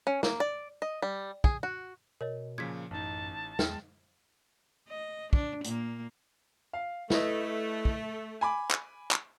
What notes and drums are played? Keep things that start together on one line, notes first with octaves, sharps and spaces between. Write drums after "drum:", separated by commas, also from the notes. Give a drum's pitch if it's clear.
C#4
A#3, drum: snare
D5
D#5
G3
G#4, drum: kick
F#4
B2 A#4 C#5 D#5
A#2 C#3 F3 G#6 B6
A1 F#2 D#4 A5
E2 G#3 G5 F6, drum: snare
D#5
D4, drum: kick
A#2 A#3, drum: hi-hat
F5
A3 E4 B4 D#5, drum: snare
drum: kick
G#5 B5 D6
drum: clap
drum: clap